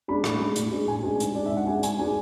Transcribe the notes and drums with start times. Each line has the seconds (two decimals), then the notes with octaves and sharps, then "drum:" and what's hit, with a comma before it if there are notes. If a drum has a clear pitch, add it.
0.08 G#3 D4 B5
0.24 A2, drum: rim click
0.40 G#3 D4
0.55 A2, drum: hi-hat
0.72 G#3 D4
0.88 A2 G#5
1.03 G#3 D4 G#5
1.20 G#2, drum: hi-hat
1.35 G#3 D4 D5
1.46 E5
1.52 G#2 F#5
1.67 G#3 D4 G#5
1.83 G#2 G#5, drum: hi-hat
1.99 G#3 D4 G#5